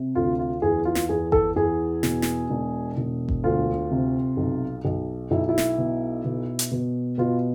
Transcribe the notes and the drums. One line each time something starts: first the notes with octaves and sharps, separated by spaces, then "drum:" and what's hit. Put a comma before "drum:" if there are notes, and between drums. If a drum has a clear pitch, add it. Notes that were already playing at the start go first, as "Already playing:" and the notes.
Already playing: C3
D2 F4
F4
E2 G#4
F4
drum: snare
E2 G#4
A4, drum: kick G1
E2 G#4
B2, drum: snare
drum: snare
E1
E1
drum: kick G1
D2 F4
C3
B1
B1
B1 E4
E4
drum: snare
B2
B2
drum: hi-hat
B2
B2 F4